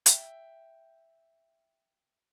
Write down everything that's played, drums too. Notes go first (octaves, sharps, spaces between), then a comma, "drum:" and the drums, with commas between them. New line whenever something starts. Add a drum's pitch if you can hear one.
E5 G5, drum: hi-hat